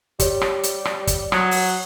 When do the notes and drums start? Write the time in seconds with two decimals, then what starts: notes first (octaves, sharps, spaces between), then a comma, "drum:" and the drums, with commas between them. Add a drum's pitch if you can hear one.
0.20 G3 G4 C#5, drum: kick, hi-hat
0.41 drum: rim click
0.63 drum: hi-hat
0.85 drum: rim click
1.07 drum: kick, hi-hat
1.32 F#3 D#6, drum: rim click
1.51 drum: open hi-hat